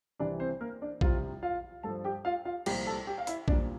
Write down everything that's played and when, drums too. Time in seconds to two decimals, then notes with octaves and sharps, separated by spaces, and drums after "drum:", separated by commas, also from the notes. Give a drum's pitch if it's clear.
0.19 C2 C3 E3 D4 D5
0.40 C4 C5
0.61 A#3 A#4
0.82 D4 D5
1.01 C2 C3 F3 F4 F5, drum: kick A#1
1.43 F4 F5
1.83 G2 A4 A5
1.88 F3
2.04 G4 G5
2.25 F4 F5
2.45 F4 F5
2.66 C2 A#2 F3 G4 G5, drum: cymbal
2.86 A4 A5
3.07 G4 G5
3.18 F5
3.27 E4 E5, drum: hi-hat
3.48 C2 A#2 F3 D4 D5, drum: kick A#1